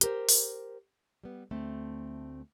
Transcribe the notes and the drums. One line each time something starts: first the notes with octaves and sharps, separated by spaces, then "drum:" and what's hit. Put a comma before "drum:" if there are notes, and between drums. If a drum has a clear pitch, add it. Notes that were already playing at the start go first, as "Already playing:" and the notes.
G4 A#4 C5, drum: hi-hat
drum: open hi-hat
G3 B3
D2 A3 C4